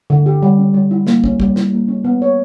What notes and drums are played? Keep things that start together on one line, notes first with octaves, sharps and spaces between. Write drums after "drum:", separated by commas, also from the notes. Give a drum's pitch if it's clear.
D3
G4
G3
C#4
G3
E4
A#3, drum: snare
C#4, drum: kick
G3, drum: kick
E4, drum: snare
A#3
C#4
B3
C#5